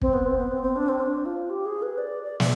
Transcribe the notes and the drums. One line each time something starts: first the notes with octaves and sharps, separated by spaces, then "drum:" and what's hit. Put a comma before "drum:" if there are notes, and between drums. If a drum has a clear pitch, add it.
C4, drum: kick
B3
C4
B3
C4
C4
D4
C4
D4
F4
G4
G#4
B4
D5
D5
D5, drum: snare